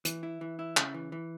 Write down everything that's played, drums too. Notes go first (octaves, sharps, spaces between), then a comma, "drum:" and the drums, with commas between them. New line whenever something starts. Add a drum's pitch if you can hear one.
E3, drum: hi-hat
E4
E3
E4
C#3, drum: clap
E3
E3